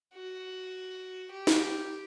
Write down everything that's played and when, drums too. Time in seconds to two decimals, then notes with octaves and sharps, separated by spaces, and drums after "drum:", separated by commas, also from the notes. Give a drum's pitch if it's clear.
0.14 F#4
1.32 G4
1.47 drum: snare